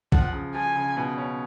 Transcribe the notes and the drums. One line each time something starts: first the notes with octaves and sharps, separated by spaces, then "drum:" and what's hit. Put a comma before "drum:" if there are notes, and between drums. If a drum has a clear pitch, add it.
F3 F#5, drum: kick A#1
C#3
F3 G#5
C#3
B2
C#4